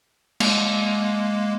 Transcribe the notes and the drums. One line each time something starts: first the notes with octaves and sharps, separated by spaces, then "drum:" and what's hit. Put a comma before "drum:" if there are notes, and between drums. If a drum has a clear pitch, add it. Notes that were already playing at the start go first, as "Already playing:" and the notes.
G#3 A#3, drum: cymbal